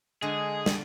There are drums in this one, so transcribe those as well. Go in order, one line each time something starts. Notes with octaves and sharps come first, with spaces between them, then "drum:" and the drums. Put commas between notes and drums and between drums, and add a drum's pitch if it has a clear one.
D3 G#3 G#4
drum: snare